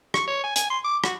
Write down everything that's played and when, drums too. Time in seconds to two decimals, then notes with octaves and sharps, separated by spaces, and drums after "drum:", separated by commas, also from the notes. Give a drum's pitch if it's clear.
0.14 C#6, drum: rim click
0.27 C#5
0.44 G#5
0.56 G#5, drum: hi-hat
0.70 C6
0.84 D6
1.04 F#4, drum: rim click